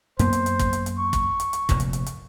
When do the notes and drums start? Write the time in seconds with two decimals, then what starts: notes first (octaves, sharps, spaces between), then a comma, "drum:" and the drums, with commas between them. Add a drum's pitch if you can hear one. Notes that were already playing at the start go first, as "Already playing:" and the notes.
0.19 F#2 A#3 B3 C5, drum: hi-hat
0.33 drum: hi-hat
0.46 drum: hi-hat
0.59 drum: kick, hi-hat
0.73 drum: hi-hat
0.86 drum: hi-hat
0.98 C#6
1.13 drum: kick, hi-hat
1.40 drum: hi-hat
1.53 drum: hi-hat
1.69 F1 F2 A#2, drum: kick, hi-hat
1.80 drum: hi-hat
1.93 drum: hi-hat
2.06 drum: hi-hat